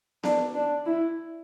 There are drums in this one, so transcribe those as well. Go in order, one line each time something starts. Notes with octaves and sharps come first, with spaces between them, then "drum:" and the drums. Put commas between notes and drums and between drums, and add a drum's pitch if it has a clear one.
D4, drum: snare B3
D4
E4